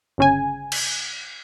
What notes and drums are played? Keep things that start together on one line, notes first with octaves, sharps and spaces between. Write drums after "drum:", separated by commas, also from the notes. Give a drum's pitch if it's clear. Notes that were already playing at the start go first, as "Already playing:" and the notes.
G1 C#3 G#5
drum: cymbal